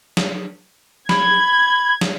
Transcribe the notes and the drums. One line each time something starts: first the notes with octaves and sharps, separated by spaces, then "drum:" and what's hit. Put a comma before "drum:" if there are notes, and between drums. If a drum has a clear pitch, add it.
drum: snare
B5 G#6, drum: snare
drum: snare